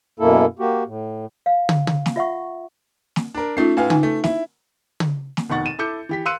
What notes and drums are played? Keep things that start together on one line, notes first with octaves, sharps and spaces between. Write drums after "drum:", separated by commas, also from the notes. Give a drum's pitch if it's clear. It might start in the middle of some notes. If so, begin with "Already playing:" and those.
F#2 B2 A#3 E4 A4
A#3 F#4 G4
A2
F5
drum: tom
drum: tom
drum: snare
F4 E5 F#5 C#6
drum: snare
D4 A#4
A3 C#4 D#4 F4 C7
A2 B4 F5 G#5
D#4 G#5, drum: tom
A3
E4, drum: snare
drum: tom
drum: snare
F1 B2 D#3 F#5 C#6 A6
D#7 E7
E4 A4 D6 G6 C#7
E3 G4 B6
F5 C6 E6 F#6 C#7 D#7